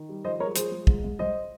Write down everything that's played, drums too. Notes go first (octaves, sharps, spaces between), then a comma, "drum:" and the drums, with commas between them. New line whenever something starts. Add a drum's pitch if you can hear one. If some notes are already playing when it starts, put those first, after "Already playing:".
Already playing: D#3
G3
F3 C5 D#5
G#3 A#4 C#5
F3 G#4 C5, drum: hi-hat
G#3
G#2, drum: kick
G#2
G#2 C5 D#5